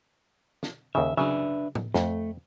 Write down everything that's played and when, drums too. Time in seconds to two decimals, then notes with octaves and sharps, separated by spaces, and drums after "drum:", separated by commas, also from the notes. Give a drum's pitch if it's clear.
0.63 drum: snare
0.95 D#2 C#3 E5
1.17 C#3 F#3 D4 B4 E5
1.75 drum: tom A2
1.94 F2 A3, drum: snare